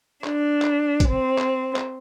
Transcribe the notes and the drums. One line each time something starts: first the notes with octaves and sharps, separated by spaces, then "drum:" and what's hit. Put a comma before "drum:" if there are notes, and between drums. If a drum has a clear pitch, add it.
D4, drum: clap
drum: clap
drum: kick, hi-hat
C4
drum: clap
drum: clap